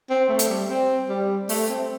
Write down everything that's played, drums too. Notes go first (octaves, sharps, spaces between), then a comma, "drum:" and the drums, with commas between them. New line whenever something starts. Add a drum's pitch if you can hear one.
C4
A3
drum: hi-hat
G3
C4
G3
A3, drum: open hi-hat
C4